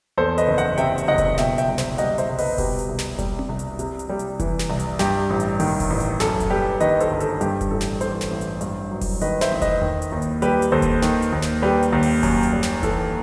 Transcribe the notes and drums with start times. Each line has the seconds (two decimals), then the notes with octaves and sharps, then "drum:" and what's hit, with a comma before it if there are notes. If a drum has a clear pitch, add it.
0.18 E2 A4 C5
0.38 B4 D#5, drum: hi-hat
0.48 F#1
0.58 D#5 F#5, drum: hi-hat
0.78 C3 E5 G5, drum: hi-hat
0.98 drum: hi-hat
1.08 F#1 D#5 F#5
1.18 drum: kick F1, hi-hat
1.38 B2 E5 G5, drum: snare
1.58 E5 G5, drum: hi-hat
1.68 C2
1.78 C5 E5, drum: snare
1.98 G3 D#5 F#5, drum: hi-hat
2.18 C5 E5, drum: hi-hat
2.29 C2
2.38 B4 D#5, drum: open hi-hat
2.58 B2 G4 B4, drum: kick F1, open hi-hat
2.79 drum: hi-hat
2.89 C2
2.99 drum: snare
3.19 G3, drum: kick F1, hi-hat
3.39 drum: tom C4
3.49 C2
3.59 drum: hi-hat
3.79 C3, drum: hi-hat
3.99 drum: hi-hat
4.09 G3
4.19 drum: hi-hat
4.40 E3, drum: kick F1, hi-hat
4.59 drum: snare
4.70 C2
4.80 drum: hi-hat
4.99 G2 G4, drum: snare
5.30 A1
5.40 drum: hi-hat
5.60 D#3, drum: open hi-hat
5.80 drum: kick F1, open hi-hat
5.90 A1
6.00 drum: hi-hat
6.20 F#2 A4, drum: snare
6.40 drum: kick F1, hi-hat
6.50 G3 G4 B4
6.80 D#3 B4 D#5, drum: hi-hat
7.00 A4 C5, drum: hi-hat
7.11 G1
7.20 A4, drum: hi-hat
7.41 G2 G4, drum: hi-hat
7.61 drum: kick F1, hi-hat
7.71 A1 A4
7.81 drum: snare
8.01 E3 A4 C5, drum: hi-hat
8.21 drum: snare
8.31 A1
8.41 drum: hi-hat
8.61 G2, drum: hi-hat
8.91 F#3
9.01 drum: kick F1, open hi-hat
9.21 D#3 B4 D#5, drum: hi-hat
9.41 C5 E5, drum: snare
9.52 A1
9.62 B4 D#5, drum: kick F1, hi-hat
9.82 D#3, drum: tom E2
10.02 drum: hi-hat
10.12 D#2
10.22 drum: hi-hat
10.42 G3 G4 B4, drum: hi-hat
10.62 drum: hi-hat
10.72 D#2 A4 C5
10.82 drum: kick F1, hi-hat
11.02 D#3, drum: snare
11.22 drum: hi-hat
11.32 D#2
11.42 drum: snare
11.62 G3 G4 B4
11.83 drum: hi-hat
11.92 D#2
12.03 drum: open hi-hat
12.23 F#2, drum: kick F1, open hi-hat
12.43 drum: hi-hat
12.53 G3
12.63 drum: snare
12.83 E3 A4, drum: kick F1, hi-hat